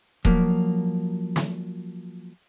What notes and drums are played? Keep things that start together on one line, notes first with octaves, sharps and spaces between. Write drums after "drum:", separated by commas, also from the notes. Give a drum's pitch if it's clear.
F3 F#3 A#3, drum: kick D#1
drum: snare